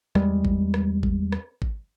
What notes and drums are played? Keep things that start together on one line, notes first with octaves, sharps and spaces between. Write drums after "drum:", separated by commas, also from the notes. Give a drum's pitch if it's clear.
E2 G3 G#3, drum: rim click
drum: kick G#1
drum: rim click
drum: kick G#1
drum: rim click
drum: kick G#1